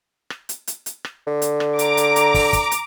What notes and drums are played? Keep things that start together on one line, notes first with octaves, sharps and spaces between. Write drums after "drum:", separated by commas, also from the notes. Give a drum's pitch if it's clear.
drum: rim click
drum: hi-hat
drum: hi-hat
drum: hi-hat
drum: rim click
D3
drum: hi-hat
drum: rim click
A#5 D6, drum: hi-hat
drum: hi-hat
drum: hi-hat
drum: kick, open hi-hat
drum: kick, hi-hat
drum: hi-hat